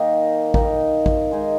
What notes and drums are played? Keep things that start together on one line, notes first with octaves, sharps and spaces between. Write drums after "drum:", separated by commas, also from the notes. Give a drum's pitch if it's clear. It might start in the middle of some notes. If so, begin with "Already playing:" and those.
Already playing: D#3 A#3 D#4
D#3 A#3 D#4, drum: kick
drum: kick
G#3 D#4 G#4